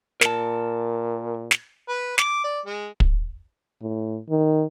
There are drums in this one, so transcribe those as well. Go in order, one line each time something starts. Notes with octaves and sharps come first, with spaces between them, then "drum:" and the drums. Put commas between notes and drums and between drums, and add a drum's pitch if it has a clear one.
A#2 A#4 A5, drum: snare
drum: snare
B4
D6, drum: snare
D5
G#3
drum: kick
A2
D#3